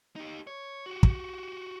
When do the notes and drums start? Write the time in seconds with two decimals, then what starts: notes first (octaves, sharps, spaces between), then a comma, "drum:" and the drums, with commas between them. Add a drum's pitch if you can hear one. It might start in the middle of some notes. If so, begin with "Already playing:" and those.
0.16 D#4 G4
0.47 C#5
0.86 F#4 G4
1.03 drum: kick